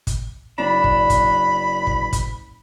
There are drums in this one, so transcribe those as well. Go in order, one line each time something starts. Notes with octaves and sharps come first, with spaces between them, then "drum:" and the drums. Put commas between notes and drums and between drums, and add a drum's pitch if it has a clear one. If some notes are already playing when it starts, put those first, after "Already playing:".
drum: kick, hi-hat
F#1 D4 B5
drum: kick
drum: kick, hi-hat
drum: kick
drum: kick, hi-hat